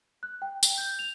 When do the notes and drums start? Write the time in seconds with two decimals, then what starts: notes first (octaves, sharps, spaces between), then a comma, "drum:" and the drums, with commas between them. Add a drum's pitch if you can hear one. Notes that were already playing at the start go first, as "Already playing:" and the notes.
0.23 F#6
0.42 G5
0.63 drum: tambourine
0.78 G6
0.99 F7